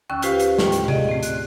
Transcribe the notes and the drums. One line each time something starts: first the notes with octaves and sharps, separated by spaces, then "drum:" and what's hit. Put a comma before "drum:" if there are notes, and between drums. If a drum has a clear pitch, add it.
D#2 D3 C#4 C#6 E6
F4 G4 B4 C5 F5, drum: hi-hat
drum: hi-hat
A2 G5, drum: snare
drum: hi-hat
G#4 D5 D#5, drum: tom C3
A3 C4
F#6, drum: hi-hat